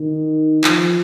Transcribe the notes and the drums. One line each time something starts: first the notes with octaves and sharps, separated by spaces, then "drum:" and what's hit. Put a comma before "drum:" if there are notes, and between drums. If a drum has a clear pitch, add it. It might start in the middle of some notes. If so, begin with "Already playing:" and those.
Already playing: D#3
F3, drum: clap